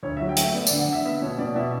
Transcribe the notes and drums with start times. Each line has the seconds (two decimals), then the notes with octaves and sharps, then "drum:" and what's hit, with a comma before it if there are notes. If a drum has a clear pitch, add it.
0.03 D2 C#5
0.17 E5
0.21 F#3
0.29 G5
0.37 A3 E5, drum: hi-hat
0.54 B3 D5
0.67 D5, drum: tambourine
0.71 D3
0.79 F#5
0.88 D3 E5
1.05 B3 E5
1.22 B2 C#5
1.39 B2 D5
1.56 B2 E5